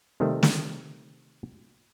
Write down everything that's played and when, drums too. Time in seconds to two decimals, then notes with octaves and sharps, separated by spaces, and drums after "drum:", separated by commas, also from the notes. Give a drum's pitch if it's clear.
0.20 C3 D#3 G3 A3
0.43 drum: snare